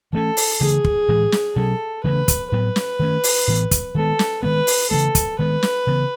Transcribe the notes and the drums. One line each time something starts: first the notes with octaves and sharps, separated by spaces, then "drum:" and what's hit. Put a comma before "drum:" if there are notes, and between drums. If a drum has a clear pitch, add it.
E3 A3 C#4 A4
drum: open hi-hat
C#3 E3 A3 G#4
drum: kick
A2 E3 G#3
drum: snare
B2 F#3 C#4 A4
C#3 E3 A3 C#4 B4
drum: kick, hi-hat
A2 F#3 B3 B4
drum: snare
D#3 A3 C#4
drum: open hi-hat
A2 E3 B3
drum: kick, hi-hat
D#3 G#3 B3 A4
drum: snare
D#3 G#3 B3 B4
drum: open hi-hat
C#3 E3 A3 A4
drum: kick, hi-hat
D#3 G#3 B3 B4
drum: snare
C#3 E3 B3